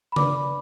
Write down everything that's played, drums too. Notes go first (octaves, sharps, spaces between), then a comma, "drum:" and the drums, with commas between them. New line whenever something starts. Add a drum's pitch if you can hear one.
B5
D4 B4 D5 D6, drum: tom C#3